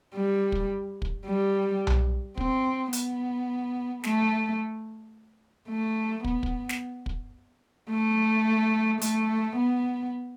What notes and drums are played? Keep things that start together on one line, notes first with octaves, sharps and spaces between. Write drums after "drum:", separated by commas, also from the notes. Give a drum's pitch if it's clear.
G3
drum: kick
drum: kick
G3
drum: tom B1
C4, drum: kick
B3, drum: hi-hat
A3, drum: snare
A3
B3, drum: kick
drum: kick
drum: snare
drum: kick
A3
A3, drum: hi-hat
B3